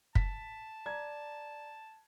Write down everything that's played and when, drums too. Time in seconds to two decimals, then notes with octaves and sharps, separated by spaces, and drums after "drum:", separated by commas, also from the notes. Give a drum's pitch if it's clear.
0.15 A5 B6, drum: kick
0.86 D5 A#5 G#6